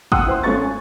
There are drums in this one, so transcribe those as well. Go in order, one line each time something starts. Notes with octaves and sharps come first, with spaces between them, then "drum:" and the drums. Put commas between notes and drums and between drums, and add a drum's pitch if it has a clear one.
F#5 G5 C6 D#6 E6 F#6, drum: kick
E4 C5 C6
G#1 A3 C#4 F4 C#6 A6
G#5